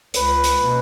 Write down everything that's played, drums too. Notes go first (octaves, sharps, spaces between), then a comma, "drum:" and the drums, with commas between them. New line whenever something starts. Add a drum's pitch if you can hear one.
C#2 B4, drum: hi-hat
drum: hi-hat
B2 A#3 C#4